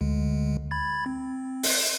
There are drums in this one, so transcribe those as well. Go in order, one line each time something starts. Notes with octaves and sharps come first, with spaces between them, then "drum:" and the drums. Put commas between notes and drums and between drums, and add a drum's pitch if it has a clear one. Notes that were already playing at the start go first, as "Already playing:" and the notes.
D2 D3 G#3
B5 G#6 A6
C4
drum: open hi-hat